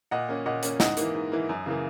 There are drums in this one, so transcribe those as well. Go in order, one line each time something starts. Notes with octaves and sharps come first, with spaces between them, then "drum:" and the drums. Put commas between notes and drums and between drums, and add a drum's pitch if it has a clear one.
A#2 D#5 F#5
A#3 C#4
A#2 D#5 F#5
A#3 C#4, drum: hi-hat
G#2 D#5 F#5, drum: snare
E3 A#3, drum: hi-hat
G#2
E3 A#3
F#2
C#3 E3 A#3